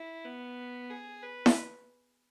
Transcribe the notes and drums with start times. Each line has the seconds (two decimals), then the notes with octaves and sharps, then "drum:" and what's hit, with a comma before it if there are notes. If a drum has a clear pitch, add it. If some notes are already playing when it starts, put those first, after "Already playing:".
Already playing: E4
0.24 B3
0.90 G#4
1.23 B4
1.46 drum: snare E4